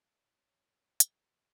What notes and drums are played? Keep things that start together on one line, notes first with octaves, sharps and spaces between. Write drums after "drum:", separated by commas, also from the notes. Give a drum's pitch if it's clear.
C#5
drum: hi-hat